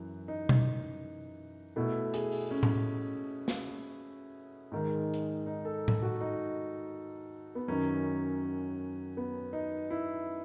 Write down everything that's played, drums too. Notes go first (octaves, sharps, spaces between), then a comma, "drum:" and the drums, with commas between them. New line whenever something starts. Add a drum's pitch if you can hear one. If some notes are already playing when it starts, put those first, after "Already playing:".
Already playing: F#2 E3
D#4
drum: tom B2
B2 A3 E4
G#4, drum: hi-hat
drum: open hi-hat
C#4
drum: tom A2
drum: snare
G#2 D#3 G#3
drum: hi-hat
D#4
A4
drum: tom A2
F#4
D#4
B3
F#2 D#3 F#3 C#4
B3
D#4
E4